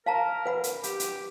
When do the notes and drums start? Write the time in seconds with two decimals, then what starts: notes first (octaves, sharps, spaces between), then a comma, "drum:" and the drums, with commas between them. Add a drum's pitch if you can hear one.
0.06 A#4 F5 A5 A#5
0.46 B4 F#5 B5
0.64 drum: hi-hat
0.83 G4, drum: hi-hat
1.00 drum: hi-hat